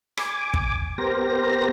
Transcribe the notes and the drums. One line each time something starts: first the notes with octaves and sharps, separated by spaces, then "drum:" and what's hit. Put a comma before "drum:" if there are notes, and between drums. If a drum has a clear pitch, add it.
G#5 D6, drum: rim click
drum: kick
B3 G4 A#4 C5 A#6